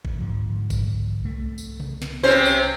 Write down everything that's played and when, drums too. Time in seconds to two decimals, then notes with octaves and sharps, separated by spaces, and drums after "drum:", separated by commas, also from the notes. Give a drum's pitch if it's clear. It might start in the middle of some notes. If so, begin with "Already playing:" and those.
0.05 drum: kick G#1
0.19 G#2 D3 F3
0.70 drum: kick G#1, tambourine
1.21 C2 A3
1.58 drum: tambourine
1.80 drum: tom C3
2.02 drum: snare
2.23 C3 C#4 C5
2.45 drum: tambourine